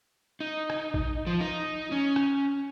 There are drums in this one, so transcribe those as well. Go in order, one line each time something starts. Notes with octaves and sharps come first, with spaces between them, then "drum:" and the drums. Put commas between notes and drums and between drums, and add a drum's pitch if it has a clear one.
D#4
drum: rim click
drum: kick A1
F3
D#4
C#4
drum: rim click